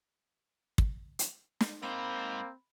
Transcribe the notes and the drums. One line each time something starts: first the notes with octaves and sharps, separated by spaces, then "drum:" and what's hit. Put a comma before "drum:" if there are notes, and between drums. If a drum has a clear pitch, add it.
drum: kick
drum: hi-hat
drum: snare
G#2 A#3 C4 C5 B5